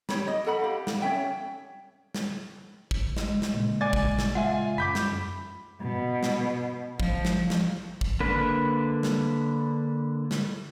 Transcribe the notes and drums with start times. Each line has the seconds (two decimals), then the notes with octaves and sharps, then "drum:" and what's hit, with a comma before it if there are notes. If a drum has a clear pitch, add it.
0.09 D#4 G4 C#5 B5, drum: snare
0.27 D#5
0.46 A4 F#5 B5
0.61 G4 F5
0.87 drum: snare
1.02 C#4 C#5 E5 G5
2.14 drum: snare
2.91 drum: kick
3.17 G#3, drum: snare
3.42 drum: snare
3.54 A#2 C#3
3.81 D5 G#5 D6 A6
3.93 drum: kick
4.19 drum: snare
4.35 F4 E5 F#5 G#5
4.78 F#2 B5 D6 G6 B6
4.95 drum: snare
5.81 B2
6.23 drum: snare
7.00 F3, drum: kick
7.25 drum: snare
7.50 drum: snare
8.01 drum: kick
8.20 D3 A#3 D4 B4
9.03 drum: snare
10.31 drum: snare